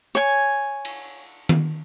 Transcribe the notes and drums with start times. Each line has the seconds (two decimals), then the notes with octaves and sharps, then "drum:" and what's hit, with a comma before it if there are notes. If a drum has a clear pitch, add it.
0.15 C#5 G#5
0.85 drum: cymbal
1.49 drum: tom D#3